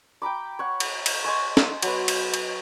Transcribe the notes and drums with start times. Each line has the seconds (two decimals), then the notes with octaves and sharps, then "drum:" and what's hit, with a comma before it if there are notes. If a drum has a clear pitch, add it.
0.22 G5 A#5 B5 D6
0.59 C#5 F#5
0.80 drum: cymbal
1.06 drum: cymbal
1.24 C5 D#5 G#5 C#6
1.57 drum: snare
1.82 F#3 B3, drum: cymbal
2.08 drum: cymbal
2.34 drum: cymbal